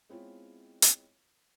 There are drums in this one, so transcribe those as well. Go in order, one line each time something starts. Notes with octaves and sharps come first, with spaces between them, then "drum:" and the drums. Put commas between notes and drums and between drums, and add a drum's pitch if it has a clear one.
G#3 B3 C4 E4 F4 C#5
drum: hi-hat